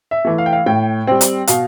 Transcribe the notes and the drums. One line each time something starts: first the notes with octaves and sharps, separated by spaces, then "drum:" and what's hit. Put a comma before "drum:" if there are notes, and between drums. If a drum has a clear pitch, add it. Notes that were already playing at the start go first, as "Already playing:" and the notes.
E5
E3 A3
F5
G5
F5
A2 G5
G3 C4
drum: hi-hat
B2 F5, drum: hi-hat